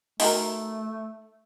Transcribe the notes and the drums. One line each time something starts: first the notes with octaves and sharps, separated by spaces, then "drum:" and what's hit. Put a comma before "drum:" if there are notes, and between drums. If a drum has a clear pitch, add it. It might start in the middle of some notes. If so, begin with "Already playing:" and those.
A3 D#4 F#4 A#4, drum: open hi-hat